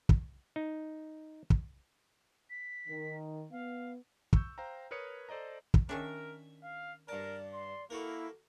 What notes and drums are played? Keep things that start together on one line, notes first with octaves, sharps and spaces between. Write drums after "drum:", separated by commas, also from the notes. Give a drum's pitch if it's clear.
drum: kick
D#4
drum: kick
B6
D#3
B3 F5
C#6 E6 G6, drum: kick
C5 F5 G5 A#5
A#4 B4 C#5 D#6 C#7
A4 C5 D5 D#5 A#5
drum: kick
D#3 C#4 D4 A#4 E5
F5
G2 A#4 D5 A5
C6
A#3 E4 F#4 A4 A#4